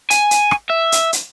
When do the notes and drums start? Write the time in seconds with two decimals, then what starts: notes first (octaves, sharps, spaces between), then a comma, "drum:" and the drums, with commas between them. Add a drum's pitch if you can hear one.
0.10 G#5, drum: hi-hat
0.31 drum: hi-hat
0.51 drum: rim click
0.70 E5
0.92 drum: hi-hat
1.13 drum: hi-hat